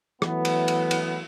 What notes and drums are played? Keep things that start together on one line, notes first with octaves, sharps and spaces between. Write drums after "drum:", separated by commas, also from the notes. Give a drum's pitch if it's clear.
E3 F#3 A3 B3, drum: rim click
drum: cymbal
drum: cymbal
drum: cymbal